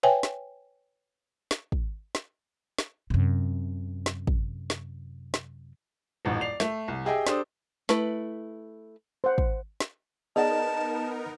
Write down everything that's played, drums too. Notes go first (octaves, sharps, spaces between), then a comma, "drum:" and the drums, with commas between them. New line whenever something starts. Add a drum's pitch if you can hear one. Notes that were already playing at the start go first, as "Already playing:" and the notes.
B4 C#5 E5 G5 G#5
drum: snare
drum: snare
drum: kick
drum: snare
drum: snare
F#2 C3
drum: snare
drum: kick
drum: snare
drum: snare
D#1 A1 G#2
D5 C7 F7
A3, drum: snare
C2
G4 G#4 D#5 E5 G5
D4 G4 A4 C5 D#6, drum: snare
A3 E4 B4, drum: snare
C5 F#5
drum: kick
drum: snare
B3 D#4 G#4 A#4 D5 D#5 F#5 A5